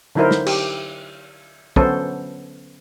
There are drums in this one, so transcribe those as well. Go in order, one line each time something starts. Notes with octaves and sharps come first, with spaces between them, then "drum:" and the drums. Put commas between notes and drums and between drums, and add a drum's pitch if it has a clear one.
D3 F#3 D#4 E4 A#4 C5
drum: snare
G4, drum: cymbal
D3 F#3 B3 C#4 A4 C5, drum: kick